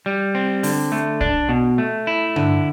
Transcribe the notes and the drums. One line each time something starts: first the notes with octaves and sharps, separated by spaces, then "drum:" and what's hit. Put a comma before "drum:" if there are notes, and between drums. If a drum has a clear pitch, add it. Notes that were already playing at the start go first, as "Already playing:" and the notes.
G3
C4
D3, drum: open hi-hat
A3
D4, drum: kick B1
B2
A3
E4
D3, drum: tom G2